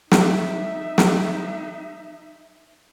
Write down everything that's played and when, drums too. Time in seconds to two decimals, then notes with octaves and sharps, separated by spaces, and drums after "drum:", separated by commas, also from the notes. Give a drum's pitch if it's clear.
0.11 D#4 E5, drum: snare
0.98 drum: snare